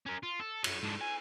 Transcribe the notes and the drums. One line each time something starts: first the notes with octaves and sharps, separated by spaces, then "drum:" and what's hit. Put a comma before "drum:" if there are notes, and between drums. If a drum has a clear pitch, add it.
C#4 A#4
F4
A4
F#2 C#5, drum: cymbal
G#2 D4
G#5